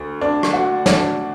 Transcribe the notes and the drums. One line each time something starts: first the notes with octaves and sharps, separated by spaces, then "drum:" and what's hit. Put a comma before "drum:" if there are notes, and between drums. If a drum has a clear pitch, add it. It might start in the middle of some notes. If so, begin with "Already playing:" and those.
Already playing: D2
D4
drum: rim click
F#4
D4, drum: snare